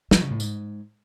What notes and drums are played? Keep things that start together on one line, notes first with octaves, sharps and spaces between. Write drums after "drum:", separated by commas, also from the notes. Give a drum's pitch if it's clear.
F3, drum: snare
C#3
A2
G#2, drum: tambourine